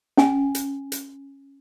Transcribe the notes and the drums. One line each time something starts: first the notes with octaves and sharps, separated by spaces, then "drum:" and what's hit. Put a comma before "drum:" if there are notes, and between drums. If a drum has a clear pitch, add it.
C#4 G#5, drum: snare
drum: hi-hat
drum: hi-hat